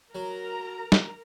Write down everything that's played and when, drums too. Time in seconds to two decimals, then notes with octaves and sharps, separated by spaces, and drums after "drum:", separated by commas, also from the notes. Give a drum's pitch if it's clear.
0.15 F#3 A#4 A#5
0.92 drum: snare